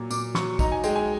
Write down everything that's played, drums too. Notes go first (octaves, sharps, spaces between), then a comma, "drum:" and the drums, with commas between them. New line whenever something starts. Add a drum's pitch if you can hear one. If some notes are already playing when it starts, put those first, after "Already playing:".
Already playing: A#2 F#3
A#2 D6, drum: tambourine
F#3 C#6, drum: snare
D#4 A#5, drum: kick, tambourine
G#5
G#3 G5, drum: tambourine
G#5